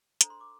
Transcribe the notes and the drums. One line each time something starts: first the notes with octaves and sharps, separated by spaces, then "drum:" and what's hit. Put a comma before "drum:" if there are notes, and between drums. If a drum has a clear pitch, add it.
D4 A4 C5 A#5, drum: hi-hat
C6
D6